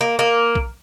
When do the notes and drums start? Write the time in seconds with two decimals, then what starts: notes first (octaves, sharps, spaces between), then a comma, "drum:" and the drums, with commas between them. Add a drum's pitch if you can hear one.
0.01 A#3
0.19 A#3
0.55 drum: kick B1